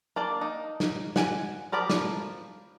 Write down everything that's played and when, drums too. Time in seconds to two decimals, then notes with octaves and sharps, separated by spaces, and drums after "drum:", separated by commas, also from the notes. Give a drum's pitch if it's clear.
0.16 A#3 D4 D5
0.41 D#4
0.80 drum: snare
1.16 F#5 G#5, drum: snare
1.72 F3 A#4 D5 B5
1.90 drum: snare